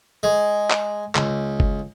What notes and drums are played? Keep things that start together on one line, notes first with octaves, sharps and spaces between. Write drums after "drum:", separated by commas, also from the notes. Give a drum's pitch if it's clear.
G#3
drum: clap
C#2, drum: clap
drum: kick F#1